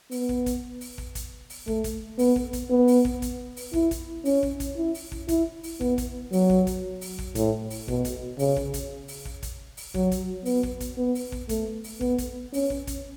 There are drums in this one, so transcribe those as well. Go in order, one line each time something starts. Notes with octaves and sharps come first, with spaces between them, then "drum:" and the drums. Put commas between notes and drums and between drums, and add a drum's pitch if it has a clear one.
B3, drum: open hi-hat
drum: kick
drum: kick, hi-hat
drum: open hi-hat
drum: kick
drum: kick, hi-hat
drum: open hi-hat
A3, drum: kick
drum: kick, hi-hat
B3, drum: open hi-hat
drum: kick
drum: kick, hi-hat
B3
drum: open hi-hat
drum: kick
drum: kick, hi-hat
drum: open hi-hat
E4, drum: kick
drum: kick, hi-hat
C#4, drum: open hi-hat
drum: kick
drum: kick, hi-hat
E4
drum: open hi-hat
drum: kick
E4, drum: kick, hi-hat
drum: open hi-hat
B3, drum: kick
drum: kick, hi-hat
F#3, drum: open hi-hat
drum: kick
drum: kick, hi-hat
drum: open hi-hat
drum: kick
A2, drum: kick, hi-hat
drum: open hi-hat
B2, drum: kick
drum: kick, hi-hat
C#3, drum: open hi-hat
drum: kick
drum: kick, hi-hat
drum: open hi-hat
drum: kick
drum: kick, hi-hat
drum: open hi-hat
F#3, drum: kick
drum: kick, hi-hat
B3, drum: open hi-hat
drum: kick
drum: kick, hi-hat
B3
drum: open hi-hat
drum: kick
A3, drum: kick, hi-hat
drum: open hi-hat
B3, drum: kick
drum: kick, hi-hat
C#4, drum: open hi-hat
drum: kick
drum: kick, hi-hat